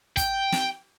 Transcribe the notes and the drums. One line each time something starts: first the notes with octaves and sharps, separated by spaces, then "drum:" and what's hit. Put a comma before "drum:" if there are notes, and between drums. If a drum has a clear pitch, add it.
G5, drum: kick, hi-hat
drum: snare